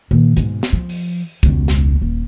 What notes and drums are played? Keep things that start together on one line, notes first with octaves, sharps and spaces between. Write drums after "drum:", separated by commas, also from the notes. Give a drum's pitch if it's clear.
A#2 D#3
G#2 B2, drum: hi-hat
drum: snare
F3
drum: open hi-hat
E1 C#2, drum: kick C2, hi-hat
drum: snare
D#1